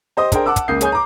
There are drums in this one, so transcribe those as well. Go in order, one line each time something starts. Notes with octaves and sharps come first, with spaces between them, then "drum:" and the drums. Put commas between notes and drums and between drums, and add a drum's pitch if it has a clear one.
G4 C5 D#5 D#6
D4 G#4 A#4 C5 G5, drum: kick, hi-hat
F#5 A5 D6 E6
drum: kick, hi-hat
C#2 A#3 D#6 G6 C7
G#4 C#5 G#5 D#6 G6, drum: hi-hat
A#5 D6